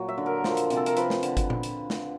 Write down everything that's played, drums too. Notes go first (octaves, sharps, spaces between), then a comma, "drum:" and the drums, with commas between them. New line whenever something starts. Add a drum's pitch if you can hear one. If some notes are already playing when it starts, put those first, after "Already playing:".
Already playing: A#2 F#3
E5
D3
A#4
F3, drum: snare
drum: hi-hat
C3, drum: hi-hat
A4
A#4, drum: hi-hat
F3 B4, drum: hi-hat
drum: snare
D3, drum: hi-hat
drum: kick G1, hi-hat
drum: tom A#2
drum: hi-hat
drum: snare